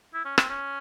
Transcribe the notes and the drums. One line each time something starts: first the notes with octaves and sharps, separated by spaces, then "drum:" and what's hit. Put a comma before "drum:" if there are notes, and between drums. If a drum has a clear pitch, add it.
E4
C#4
C4, drum: rim click
C#4